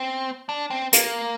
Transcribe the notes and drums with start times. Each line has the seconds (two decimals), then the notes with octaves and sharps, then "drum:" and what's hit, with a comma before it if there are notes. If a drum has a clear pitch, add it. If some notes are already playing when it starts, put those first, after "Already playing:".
Already playing: C4
0.49 D4
0.70 C4
0.93 A#3, drum: hi-hat